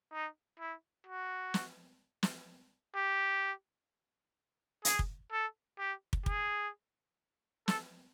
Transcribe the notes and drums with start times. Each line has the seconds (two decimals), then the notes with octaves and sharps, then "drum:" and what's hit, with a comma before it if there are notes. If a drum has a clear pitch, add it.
0.12 D#4
0.60 E4
1.07 F#4
1.54 drum: snare
2.23 drum: snare
2.96 G4
4.85 G#4, drum: hi-hat
4.99 drum: kick
5.32 A4
5.79 G4
6.13 drum: kick
6.26 G#4, drum: kick
7.68 A4, drum: snare